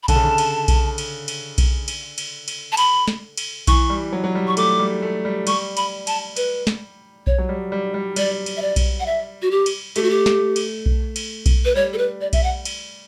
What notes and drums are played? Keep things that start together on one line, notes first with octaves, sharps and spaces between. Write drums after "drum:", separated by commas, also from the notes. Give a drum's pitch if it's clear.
B5
D3 A5, drum: kick B1, cymbal
C#3
D3
drum: cymbal
drum: kick B1, cymbal
drum: cymbal
drum: cymbal
drum: kick B1, cymbal
drum: cymbal
drum: cymbal
drum: cymbal
A5
B5, drum: cymbal
drum: snare
drum: cymbal
E3 C#6, drum: kick B1, cymbal
G3
F#3
F#3
G3
C#6
A3 D6, drum: cymbal
G3
A3
G3
G3 C#6, drum: cymbal
B5, drum: cymbal
A5, drum: cymbal
B4, drum: cymbal
drum: snare
C#5, drum: kick B1
F#3
G3
G3
G3
G3 D5, drum: cymbal
drum: cymbal
E5
D5
drum: kick B1, cymbal
F#5
E5
F#4
G4
drum: cymbal
A3 G4, drum: cymbal
F#4
G4
drum: snare
drum: cymbal
drum: kick B1
drum: cymbal
drum: kick B1, cymbal
B4
G3 C#5
A4
B4
D5
E5, drum: kick B1, cymbal
F#5
drum: cymbal